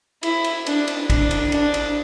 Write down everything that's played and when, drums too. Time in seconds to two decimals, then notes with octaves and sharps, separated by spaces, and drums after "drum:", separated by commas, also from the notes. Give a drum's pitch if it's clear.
0.23 E4, drum: cymbal
0.44 drum: cymbal
0.66 D4, drum: cymbal
0.88 drum: cymbal
1.10 D4, drum: kick, cymbal
1.31 drum: cymbal
1.52 D4, drum: cymbal
1.74 drum: cymbal